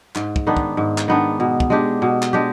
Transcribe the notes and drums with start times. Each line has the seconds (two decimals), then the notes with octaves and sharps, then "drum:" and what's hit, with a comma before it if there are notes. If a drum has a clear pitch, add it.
0.16 G#2, drum: clap
0.36 drum: kick
0.47 D#3 B3 D4
0.57 drum: kick
0.77 G#2
0.98 drum: clap
1.08 D#3 B3 D4
1.40 B2
1.60 drum: kick
1.70 G#3 D4 G4
2.02 B2
2.23 drum: clap
2.33 G#3 D4 G4